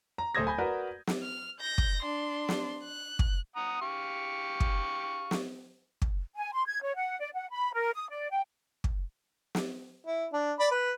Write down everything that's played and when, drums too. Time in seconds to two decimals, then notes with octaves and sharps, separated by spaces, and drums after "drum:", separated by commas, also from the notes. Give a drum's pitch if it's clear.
0.18 A#5
0.35 D1 A3 C5 D#6 G#6 A#6
0.47 G#5 B5 G6
0.58 F#4 A#4 B4 D5
1.07 drum: snare
1.22 F6
1.60 G6 A#6
1.78 drum: kick
2.02 D4 C6
2.49 drum: snare
2.83 F#6
3.19 drum: kick
3.56 F#5 A#5 D#6
3.82 G4 F5 C#6
4.60 drum: kick
5.31 drum: snare
6.02 drum: kick
6.36 G#5
6.52 C6
6.67 G#6
6.82 C#5
6.96 F#5
7.20 D5
7.34 F#5
7.50 B5
7.74 A#4
7.95 D#6
8.10 D5
8.30 G5
8.84 drum: kick
9.55 drum: snare
10.07 E4
10.33 D4
10.60 D5 B5
10.71 B4